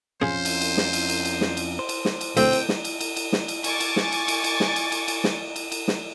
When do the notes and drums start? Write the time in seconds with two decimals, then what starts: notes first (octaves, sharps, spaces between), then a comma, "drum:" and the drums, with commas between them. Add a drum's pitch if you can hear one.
0.22 F2 C#4 F4 G#4 C5
0.45 drum: cymbal
0.61 drum: cymbal
0.77 drum: snare
0.93 drum: cymbal
1.09 drum: cymbal
1.25 drum: cymbal
1.41 drum: snare
1.57 drum: cymbal
1.79 C5
1.89 drum: cymbal
2.05 drum: snare
2.21 drum: cymbal
2.37 D2 C4 G5, drum: cymbal
2.53 drum: cymbal
2.69 drum: snare
2.85 drum: cymbal
3.01 drum: cymbal
3.17 drum: cymbal
3.32 drum: snare
3.48 drum: cymbal
3.64 G#5 C#6 D6 A6, drum: cymbal
3.80 drum: cymbal
3.96 drum: snare
4.12 drum: cymbal
4.28 drum: cymbal
4.44 drum: cymbal
4.60 drum: snare
4.76 drum: cymbal
4.92 drum: cymbal
5.08 drum: cymbal
5.24 drum: snare
5.56 drum: cymbal
5.72 drum: cymbal
5.88 drum: snare